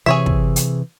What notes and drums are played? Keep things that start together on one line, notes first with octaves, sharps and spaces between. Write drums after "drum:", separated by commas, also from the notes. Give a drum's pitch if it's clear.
C3 E3 G#4 C#5 E5
drum: kick
drum: hi-hat